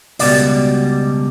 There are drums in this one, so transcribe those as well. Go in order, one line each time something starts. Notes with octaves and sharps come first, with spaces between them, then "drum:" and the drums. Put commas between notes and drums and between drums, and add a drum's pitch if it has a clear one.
C#2 B2 G3 D5, drum: open hi-hat